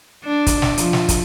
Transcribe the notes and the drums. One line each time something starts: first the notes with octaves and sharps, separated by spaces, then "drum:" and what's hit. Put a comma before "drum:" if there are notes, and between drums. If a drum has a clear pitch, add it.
D4
drum: kick, hi-hat
drum: snare
F3, drum: hi-hat
drum: snare
drum: kick, hi-hat